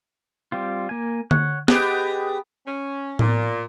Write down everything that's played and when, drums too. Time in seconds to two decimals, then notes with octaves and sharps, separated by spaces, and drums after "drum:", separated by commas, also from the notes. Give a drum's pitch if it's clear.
0.52 G3 C4 F4
0.89 A#3 G#5
1.31 C#5 F#5, drum: tom D3
1.68 B3 G4 G#4 D#5 F#6, drum: snare
2.66 C#4
3.19 A#2, drum: tom A2